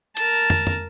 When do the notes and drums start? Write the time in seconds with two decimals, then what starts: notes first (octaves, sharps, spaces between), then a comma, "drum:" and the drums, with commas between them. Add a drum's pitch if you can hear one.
0.17 A#4 A5, drum: hi-hat
0.50 drum: tom
0.67 drum: tom